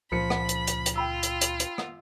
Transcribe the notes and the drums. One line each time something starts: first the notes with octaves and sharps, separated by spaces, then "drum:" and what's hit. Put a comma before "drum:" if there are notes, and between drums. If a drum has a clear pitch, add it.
C#2 A#2 C#3 F3 B5 C#7
drum: rim click
drum: hi-hat
drum: hi-hat
drum: hi-hat
F4 G5 B5 E6
drum: hi-hat
drum: hi-hat
drum: hi-hat
drum: rim click